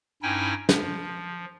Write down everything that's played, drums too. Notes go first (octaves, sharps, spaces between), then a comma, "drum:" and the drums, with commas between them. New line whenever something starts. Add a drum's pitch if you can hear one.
G2 C#4 D#4 E4 G5 G#5
F3, drum: snare